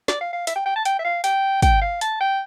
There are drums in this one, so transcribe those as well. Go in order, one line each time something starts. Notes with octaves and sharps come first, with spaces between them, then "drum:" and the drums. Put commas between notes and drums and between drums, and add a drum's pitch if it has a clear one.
D5, drum: snare
F5
F5
E5, drum: hi-hat
G5
G5
A5
G5, drum: hi-hat
E5
F5
G5, drum: hi-hat
G5, drum: kick, hi-hat
F5
A5, drum: hi-hat
G5